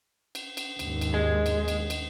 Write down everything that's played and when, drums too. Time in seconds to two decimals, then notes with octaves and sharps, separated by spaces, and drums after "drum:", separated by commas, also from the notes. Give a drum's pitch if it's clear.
0.35 drum: cymbal
0.57 drum: cymbal
0.79 D#2 G#2, drum: cymbal
1.01 drum: cymbal
1.14 G#3
1.46 drum: cymbal
1.68 drum: cymbal
1.90 drum: cymbal